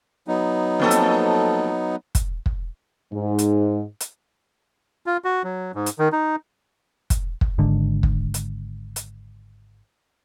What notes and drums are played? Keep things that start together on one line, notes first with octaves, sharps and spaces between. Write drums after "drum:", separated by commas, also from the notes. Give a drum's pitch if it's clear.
F#3 B3 D#4
F2 A#3 A4
drum: hi-hat
drum: kick, hi-hat
drum: kick
G#2
drum: hi-hat
drum: hi-hat
F4
F#4
F#3
G#2
drum: hi-hat
D#3
D#4
drum: kick, hi-hat
drum: kick
G#1 G#2 D3
drum: kick
drum: hi-hat
drum: hi-hat